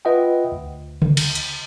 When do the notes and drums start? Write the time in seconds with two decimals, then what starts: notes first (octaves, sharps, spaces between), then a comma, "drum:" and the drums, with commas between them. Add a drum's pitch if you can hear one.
0.05 F4 B4 D#5 E5 F#5 G5
0.52 D2
1.02 drum: tom C#3
1.17 drum: cymbal
1.35 drum: hi-hat